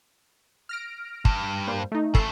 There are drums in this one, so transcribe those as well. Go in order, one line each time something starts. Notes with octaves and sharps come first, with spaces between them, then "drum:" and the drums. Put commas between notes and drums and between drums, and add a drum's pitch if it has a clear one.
F6 A#6 D7
G2, drum: kick
G3 A#3 C5
A3 D#4
C#3 A3 A4 C7, drum: kick